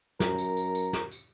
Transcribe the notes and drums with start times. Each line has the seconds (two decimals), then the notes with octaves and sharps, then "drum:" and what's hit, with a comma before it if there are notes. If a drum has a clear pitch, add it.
0.20 F#2 A#4, drum: snare
0.39 drum: tambourine
0.57 drum: tambourine
0.75 drum: tambourine
0.93 drum: snare
1.12 drum: tambourine